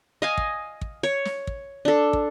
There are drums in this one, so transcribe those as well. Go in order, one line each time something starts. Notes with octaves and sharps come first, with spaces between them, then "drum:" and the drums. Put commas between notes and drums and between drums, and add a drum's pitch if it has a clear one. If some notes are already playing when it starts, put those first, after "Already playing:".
D#5 F5 G#5
drum: kick
drum: kick
C#5
drum: snare
drum: kick
D4 A4
drum: kick